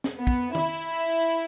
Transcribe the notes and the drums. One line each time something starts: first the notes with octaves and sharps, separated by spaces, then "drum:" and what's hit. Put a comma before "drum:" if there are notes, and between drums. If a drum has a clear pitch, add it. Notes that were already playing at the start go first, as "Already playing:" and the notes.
drum: snare
B3
drum: kick
E4, drum: tom D#3